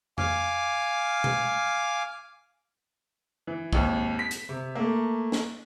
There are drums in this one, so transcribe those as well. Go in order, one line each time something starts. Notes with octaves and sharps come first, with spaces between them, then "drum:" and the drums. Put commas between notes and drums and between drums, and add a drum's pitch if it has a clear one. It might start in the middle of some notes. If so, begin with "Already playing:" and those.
F5 G#5 D6, drum: tom F2
drum: tom B2
E3
G#1 D#2, drum: kick B1
B6
drum: hi-hat
C3
A3 A#3
drum: snare